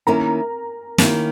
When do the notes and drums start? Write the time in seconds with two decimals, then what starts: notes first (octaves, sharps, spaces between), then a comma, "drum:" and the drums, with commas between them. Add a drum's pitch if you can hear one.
0.07 D#3 A#3 C#4 E4 A#4 A#5
0.98 D#3 A#3 C#4 E4, drum: snare